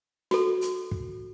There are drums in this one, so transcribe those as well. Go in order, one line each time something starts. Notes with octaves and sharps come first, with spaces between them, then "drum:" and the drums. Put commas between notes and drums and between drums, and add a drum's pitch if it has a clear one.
F#4 A4, drum: snare
drum: hi-hat
drum: kick